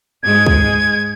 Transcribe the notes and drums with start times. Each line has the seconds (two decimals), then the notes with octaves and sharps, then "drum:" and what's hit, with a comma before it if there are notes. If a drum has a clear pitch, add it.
0.23 G#2 G#3 G#6
0.46 drum: kick